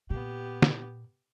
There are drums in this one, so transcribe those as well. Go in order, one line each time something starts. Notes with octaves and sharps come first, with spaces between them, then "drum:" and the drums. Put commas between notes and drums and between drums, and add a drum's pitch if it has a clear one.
A#2 B3 G4
drum: snare